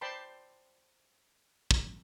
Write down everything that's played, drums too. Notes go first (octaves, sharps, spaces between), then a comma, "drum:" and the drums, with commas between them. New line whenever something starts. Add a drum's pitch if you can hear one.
C5 D5 G5 A5 B5 C6
drum: kick